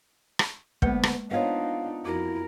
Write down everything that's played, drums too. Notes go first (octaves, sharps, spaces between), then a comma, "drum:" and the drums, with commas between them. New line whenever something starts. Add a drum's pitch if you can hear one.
drum: rim click
D2 G#3 A#3 B3 B4, drum: kick
drum: rim click
B3 D4 D#4 F4 C5 C#5 D#5 F5
F2 E4 F#4 A#4